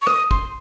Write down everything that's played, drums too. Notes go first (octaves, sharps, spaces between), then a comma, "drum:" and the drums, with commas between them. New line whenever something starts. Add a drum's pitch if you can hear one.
C#6
D#6, drum: rim click
C6, drum: kick